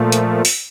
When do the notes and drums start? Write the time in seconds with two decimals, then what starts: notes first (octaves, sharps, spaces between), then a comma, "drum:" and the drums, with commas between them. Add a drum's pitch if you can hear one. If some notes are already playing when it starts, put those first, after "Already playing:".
Already playing: A#2 F3 A3
0.12 drum: hi-hat
0.45 drum: open hi-hat